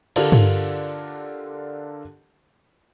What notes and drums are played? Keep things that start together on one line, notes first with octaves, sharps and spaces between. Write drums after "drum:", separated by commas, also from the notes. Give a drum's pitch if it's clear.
D3 D4 F4 G4 A4 A#4, drum: cymbal
drum: tom G2